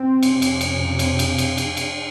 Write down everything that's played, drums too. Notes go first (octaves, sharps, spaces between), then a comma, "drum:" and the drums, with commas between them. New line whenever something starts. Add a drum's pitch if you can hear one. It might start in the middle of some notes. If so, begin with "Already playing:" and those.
Already playing: C4
F2 C3, drum: cymbal
drum: cymbal
C#4, drum: cymbal
C4, drum: cymbal
drum: cymbal
drum: cymbal
drum: cymbal
drum: cymbal